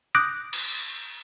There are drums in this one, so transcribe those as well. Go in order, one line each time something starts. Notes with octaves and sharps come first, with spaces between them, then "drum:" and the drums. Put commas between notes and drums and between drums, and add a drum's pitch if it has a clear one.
D6 D#6 F#6 G6 A#6 D7
drum: cymbal